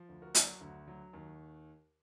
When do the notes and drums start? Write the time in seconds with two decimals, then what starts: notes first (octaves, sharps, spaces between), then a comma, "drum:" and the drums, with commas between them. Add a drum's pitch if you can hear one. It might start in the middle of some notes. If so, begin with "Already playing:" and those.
Already playing: F3
0.09 D2
0.22 F#4 A#4
0.35 F#3 A#4 D5, drum: hi-hat
0.48 F#4
0.61 D2
0.88 F#3
1.13 D#2